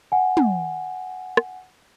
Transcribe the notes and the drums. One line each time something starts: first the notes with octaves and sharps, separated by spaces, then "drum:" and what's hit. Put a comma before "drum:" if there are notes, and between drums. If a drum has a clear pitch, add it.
F#5 G#5
drum: tom
drum: rim click